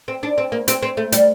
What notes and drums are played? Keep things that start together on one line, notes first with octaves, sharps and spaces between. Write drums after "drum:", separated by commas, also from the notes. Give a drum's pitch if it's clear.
C4
D4
C4
A#3
C4, drum: hi-hat
C4
A3
G3, drum: hi-hat